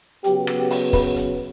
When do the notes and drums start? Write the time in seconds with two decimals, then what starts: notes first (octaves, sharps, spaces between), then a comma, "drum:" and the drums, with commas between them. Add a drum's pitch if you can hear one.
0.24 C#3 F#3 B3 G4, drum: hi-hat
0.47 drum: rim click
0.59 G4
0.70 drum: open hi-hat
0.93 B4, drum: kick, open hi-hat
1.16 drum: hi-hat